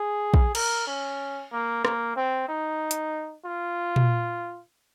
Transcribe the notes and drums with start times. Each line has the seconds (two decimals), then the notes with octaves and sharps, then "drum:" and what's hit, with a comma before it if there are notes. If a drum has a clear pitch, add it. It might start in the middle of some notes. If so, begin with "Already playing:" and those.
Already playing: G#4
0.34 drum: kick
0.55 A#4, drum: cymbal
0.87 C#4
1.52 A#3
1.85 A#3, drum: rim click
2.17 C4
2.49 D#4
2.91 drum: hi-hat
3.45 F4
3.96 drum: tom A#2